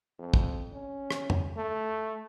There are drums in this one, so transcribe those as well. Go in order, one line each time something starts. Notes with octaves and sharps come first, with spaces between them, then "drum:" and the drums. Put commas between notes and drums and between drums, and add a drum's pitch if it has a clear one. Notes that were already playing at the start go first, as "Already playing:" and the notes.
F2
drum: kick
C#4
drum: rim click
drum: tom
A3